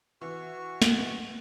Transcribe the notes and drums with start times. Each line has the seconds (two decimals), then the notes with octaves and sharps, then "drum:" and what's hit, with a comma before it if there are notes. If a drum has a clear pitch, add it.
0.21 E3 F#4 C#6
0.82 drum: snare